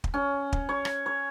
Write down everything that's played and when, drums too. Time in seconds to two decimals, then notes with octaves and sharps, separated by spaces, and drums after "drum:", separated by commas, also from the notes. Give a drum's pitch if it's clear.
0.04 drum: kick
0.14 C#4
0.53 drum: kick
0.69 C#5
0.85 drum: rim click
1.06 C#5